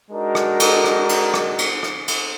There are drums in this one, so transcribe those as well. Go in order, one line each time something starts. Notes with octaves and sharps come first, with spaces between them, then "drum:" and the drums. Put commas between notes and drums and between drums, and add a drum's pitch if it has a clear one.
G#3 D4 D#4 F#4 A#4 D#5
drum: rim click
drum: cymbal
drum: rim click
drum: cymbal
drum: rim click
drum: cymbal
drum: rim click
drum: cymbal